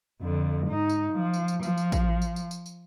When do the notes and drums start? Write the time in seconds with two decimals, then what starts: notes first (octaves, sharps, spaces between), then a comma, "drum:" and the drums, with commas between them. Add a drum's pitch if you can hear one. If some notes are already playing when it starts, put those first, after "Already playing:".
0.21 F2 D3
0.67 G#2 D#4
0.89 drum: tambourine
1.13 F3
1.34 drum: tambourine
1.48 drum: tambourine
1.63 F3, drum: tambourine
1.78 drum: tambourine
1.92 drum: kick A1, tambourine
2.22 drum: tambourine
2.36 drum: tambourine
2.51 drum: tambourine
2.66 drum: tambourine